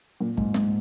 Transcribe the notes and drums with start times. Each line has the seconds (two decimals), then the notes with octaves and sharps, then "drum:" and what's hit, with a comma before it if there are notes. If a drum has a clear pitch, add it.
0.21 A#2
0.37 G#2, drum: kick
0.54 G#2, drum: snare